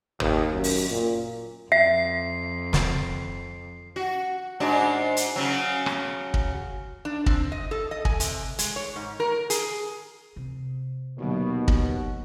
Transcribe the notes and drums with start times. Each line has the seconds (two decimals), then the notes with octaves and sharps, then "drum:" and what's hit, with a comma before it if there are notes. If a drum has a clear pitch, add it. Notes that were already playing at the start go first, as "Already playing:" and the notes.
0.20 D#2, drum: tom
0.53 F#2
0.64 drum: open hi-hat
0.91 A#2
1.72 F2 E5 C7
2.73 drum: snare
3.96 F#4
4.60 G#2 D4 F#4
5.17 drum: hi-hat
5.36 C#3 F#3
5.86 drum: rim click
6.34 drum: kick
7.05 D4
7.26 C4, drum: kick
7.52 D#5
7.71 A4
7.91 D#5
8.05 G#5, drum: kick
8.20 C3, drum: hi-hat
8.59 G#3, drum: hi-hat
8.76 C#5
8.96 G#2
9.20 A#4
9.50 G#4, drum: hi-hat
10.36 C3
11.18 D#2 B2 D3 F#3
11.68 drum: kick